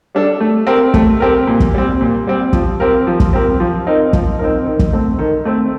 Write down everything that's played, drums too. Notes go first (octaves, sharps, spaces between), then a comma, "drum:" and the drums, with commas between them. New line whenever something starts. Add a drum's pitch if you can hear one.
G3 D4 A4
A3
C4 G4 A#4
A3, drum: kick
C4 G4 A#4
A#2
drum: kick
G3 C4
A#2
G3 C4
F3, drum: kick
C4 G4 A#4
F3
drum: kick
C4 G4 A#4
F3
C4 D#4 A#4
F3, drum: kick
C4 D#4 A#4
D#3
drum: kick
A3 C4
D#3
A3 C4